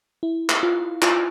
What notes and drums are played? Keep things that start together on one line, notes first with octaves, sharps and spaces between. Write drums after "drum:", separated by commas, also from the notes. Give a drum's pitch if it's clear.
E4
drum: clap
F4
F4, drum: clap